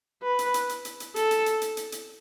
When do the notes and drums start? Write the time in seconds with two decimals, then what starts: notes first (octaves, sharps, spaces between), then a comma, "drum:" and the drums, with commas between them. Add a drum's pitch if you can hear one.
0.23 B4
0.39 drum: hi-hat
0.54 drum: hi-hat
0.69 drum: hi-hat
0.85 drum: hi-hat
1.00 drum: hi-hat
1.16 A4, drum: hi-hat
1.31 drum: hi-hat
1.46 drum: hi-hat
1.61 drum: hi-hat
1.77 drum: hi-hat
1.92 drum: hi-hat